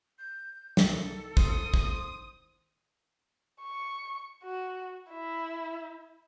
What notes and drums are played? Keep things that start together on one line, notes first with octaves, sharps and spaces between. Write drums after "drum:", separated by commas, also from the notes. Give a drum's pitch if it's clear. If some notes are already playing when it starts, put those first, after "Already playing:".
G6
C2 D#3 A4, drum: snare
C5 D#6, drum: kick
drum: kick
C#6
F#4
E4